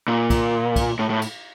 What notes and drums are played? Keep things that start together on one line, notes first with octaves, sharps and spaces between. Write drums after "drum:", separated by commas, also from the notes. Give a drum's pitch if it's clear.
A#2
drum: kick, cymbal
drum: kick, cymbal
A2
A2
drum: cymbal